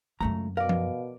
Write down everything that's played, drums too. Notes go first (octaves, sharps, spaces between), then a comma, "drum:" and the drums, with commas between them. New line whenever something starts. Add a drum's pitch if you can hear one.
C#2 F#2 D3 A3 A#5
B2 A#4 D5 F5
drum: tom F3